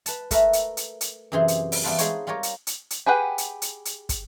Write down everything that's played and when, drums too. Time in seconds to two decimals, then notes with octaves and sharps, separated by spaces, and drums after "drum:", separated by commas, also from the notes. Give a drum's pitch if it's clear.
0.06 B4 A5, drum: hi-hat
0.31 A3 A#4 B4 E5, drum: kick, hi-hat
0.53 drum: hi-hat
0.77 drum: hi-hat
1.01 drum: hi-hat
1.32 F#2 C3 E3 G#4 C5 C6
1.48 drum: hi-hat
1.72 drum: open hi-hat
1.84 E3 G3 B3 F4 B4 A5
1.98 G#3 D#4 G#4 C5 C#5, drum: hi-hat
2.27 G3 F4 G4 A#4 C#5
2.43 drum: hi-hat
2.67 drum: hi-hat
2.90 drum: hi-hat
3.06 G4 G#4 B4 F#5 G5
3.38 drum: hi-hat
3.62 drum: hi-hat
3.85 drum: hi-hat
4.09 drum: kick, hi-hat